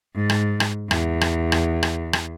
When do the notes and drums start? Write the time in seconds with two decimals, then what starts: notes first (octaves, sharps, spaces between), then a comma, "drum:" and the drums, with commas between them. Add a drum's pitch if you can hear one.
0.16 G#2
0.30 drum: rim click
0.60 drum: rim click
0.91 E2, drum: rim click
1.21 drum: rim click
1.52 drum: rim click
1.83 drum: rim click
2.13 drum: rim click